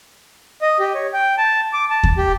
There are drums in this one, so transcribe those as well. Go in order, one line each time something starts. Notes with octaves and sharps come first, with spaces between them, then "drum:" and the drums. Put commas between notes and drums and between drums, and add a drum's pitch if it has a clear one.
D#5
G4
C#5
G5
A5
D6
A5
drum: kick D#2
G4